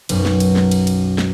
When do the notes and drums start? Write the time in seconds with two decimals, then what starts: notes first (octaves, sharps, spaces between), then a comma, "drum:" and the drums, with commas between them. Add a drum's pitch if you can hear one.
0.09 B1 F#2, drum: cymbal
0.25 drum: snare
0.40 drum: cymbal
0.56 drum: snare
0.71 drum: cymbal
0.87 drum: cymbal
1.18 drum: snare